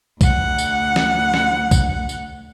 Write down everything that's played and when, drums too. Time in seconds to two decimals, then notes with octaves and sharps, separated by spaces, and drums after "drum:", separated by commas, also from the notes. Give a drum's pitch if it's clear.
0.21 D2 F#5, drum: kick, tambourine
0.58 drum: tambourine
0.96 drum: snare
1.34 drum: snare
1.71 drum: kick, tambourine
2.09 drum: tambourine